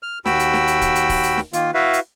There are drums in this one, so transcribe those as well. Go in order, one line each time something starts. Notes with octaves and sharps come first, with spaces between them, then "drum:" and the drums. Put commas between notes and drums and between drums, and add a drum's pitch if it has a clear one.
F6
D#2 F#4 G5 B5 E6, drum: snare
drum: hi-hat
drum: snare
drum: hi-hat
drum: kick D1, hi-hat
drum: hi-hat
drum: kick D1, open hi-hat
drum: hi-hat
drum: snare
D#3 A#3 F4, drum: hi-hat
E4 F#4 B4 E5 F5
drum: hi-hat